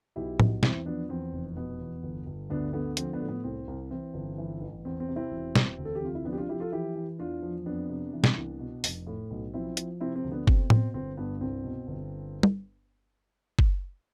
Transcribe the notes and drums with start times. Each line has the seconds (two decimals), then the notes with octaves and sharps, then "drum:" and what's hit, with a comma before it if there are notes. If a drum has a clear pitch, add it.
0.16 B1 E4 G4
0.40 B1, drum: tom A2
0.63 E2 C4 E4, drum: snare
0.86 F3 B3 D4
1.09 E2 C4
1.33 F1
1.57 B2 B3
1.81 E2
2.03 G1
2.26 G1
2.50 D2 B3 D4
2.73 D3 B3
2.97 F3 C4, drum: hi-hat
3.13 B3 D4
3.21 A2
3.28 B3
3.44 C2 C4
3.67 C2
3.91 E3 C4
4.14 G1
4.38 E3
4.61 A1
4.85 E2 C4
5.00 C4
5.08 C3
5.16 C4 E4
5.31 E1
5.56 E2, drum: snare
5.78 D2
5.85 A4
5.95 G4
6.02 C3 F4
6.15 E4
6.25 F3 B3 D4
6.32 G4
6.37 D4 F4
6.49 F3 E4 G4
6.60 F4 A4
6.72 E3 E4 G4
6.95 E3
7.19 E2 D4 F4
7.42 F3
7.66 F2 B3 D4
7.89 C3
8.13 E3
8.24 drum: snare
8.37 C2
8.59 B2
8.84 F1, drum: open hi-hat
9.07 A2
9.31 B1
9.54 F3 C4 E4
9.77 F3, drum: hi-hat
10.01 C3 C4 E4
10.16 C4
10.24 D2
10.31 B3 D4
10.47 B2 C4, drum: kick F#1
10.70 B2 C4, drum: tom A2
10.94 G1 C4
11.17 G2 B3
11.41 C2 C4
11.64 B2
11.87 G1
12.43 drum: tom
13.59 drum: kick F#1